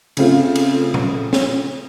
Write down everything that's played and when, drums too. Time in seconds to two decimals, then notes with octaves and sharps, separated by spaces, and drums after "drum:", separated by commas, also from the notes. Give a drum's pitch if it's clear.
0.17 C#3 A3 C4 F4, drum: cymbal
0.55 drum: cymbal
0.94 drum: tom A#2
1.33 drum: snare